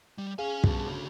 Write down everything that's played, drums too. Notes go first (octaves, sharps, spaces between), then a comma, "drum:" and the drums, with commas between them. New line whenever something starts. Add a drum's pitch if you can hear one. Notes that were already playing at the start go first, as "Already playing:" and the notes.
G3
C#4 G#4 F5 G#5
G2 B2 D3 C#4 F#4, drum: kick
C#3